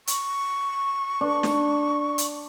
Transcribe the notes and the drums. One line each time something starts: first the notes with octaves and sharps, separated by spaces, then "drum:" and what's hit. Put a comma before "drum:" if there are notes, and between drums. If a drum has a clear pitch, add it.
C#6, drum: hi-hat
D4
drum: snare
drum: hi-hat